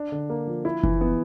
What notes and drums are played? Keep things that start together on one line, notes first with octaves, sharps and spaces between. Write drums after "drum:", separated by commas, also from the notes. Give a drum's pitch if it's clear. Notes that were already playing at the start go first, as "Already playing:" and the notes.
Already playing: D4
D3
A#3
F3
E4
E3, drum: kick F#1
B3